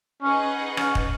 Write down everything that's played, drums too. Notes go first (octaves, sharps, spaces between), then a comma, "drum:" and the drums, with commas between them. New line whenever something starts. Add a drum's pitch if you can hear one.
C#4 D#4 G#4 B4 D#5 F#5
C#4, drum: rim click
drum: kick